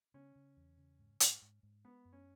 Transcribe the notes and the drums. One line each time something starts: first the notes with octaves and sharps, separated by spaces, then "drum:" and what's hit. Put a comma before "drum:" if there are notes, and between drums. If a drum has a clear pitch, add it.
C#3 C#4
C#3
E2
C#3
G#2
G#2, drum: hi-hat
G#2
G#2
G#3 B3
F#2
C#4